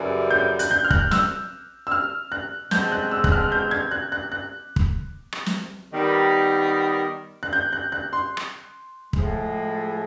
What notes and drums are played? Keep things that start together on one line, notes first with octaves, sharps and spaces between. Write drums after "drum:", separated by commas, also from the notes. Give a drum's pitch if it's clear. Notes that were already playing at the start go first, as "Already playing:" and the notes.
Already playing: F#2 C#3 E3 G3
G6
F#6, drum: hi-hat
G6
F6
F#6, drum: kick
E6, drum: snare
E6
F6
F#6
B2 G#3 C4 G6, drum: snare
F#6
E6
F#6, drum: kick
F6
G6
G#6
F#6
F#6
F#6
drum: kick
drum: rim click
drum: snare
D#3 G3 B3
F#6
G6
F#6
F#6
C6
drum: rim click
A2 F3 G#3, drum: kick